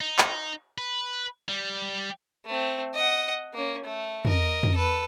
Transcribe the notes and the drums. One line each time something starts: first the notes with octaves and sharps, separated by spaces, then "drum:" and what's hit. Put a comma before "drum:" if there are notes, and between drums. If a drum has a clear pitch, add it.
D#4
drum: clap
B4
G3
A3 C4
D#5 F#5
A#3 C#4
A3
A#4 D#5, drum: tom
drum: tom
A4 B4